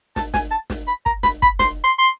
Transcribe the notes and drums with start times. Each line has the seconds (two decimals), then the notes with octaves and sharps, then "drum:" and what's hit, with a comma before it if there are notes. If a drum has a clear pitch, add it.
0.16 A5, drum: snare
0.34 G#5, drum: snare
0.51 A5
0.70 drum: snare
0.87 B5
1.06 A#5, drum: kick
1.23 B5, drum: snare
1.42 B5, drum: kick
1.59 C6, drum: snare
1.84 C6
1.99 C6